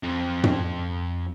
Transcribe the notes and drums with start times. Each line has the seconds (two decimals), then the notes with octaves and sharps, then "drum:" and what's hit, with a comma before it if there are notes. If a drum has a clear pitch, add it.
0.03 F2
0.44 drum: tom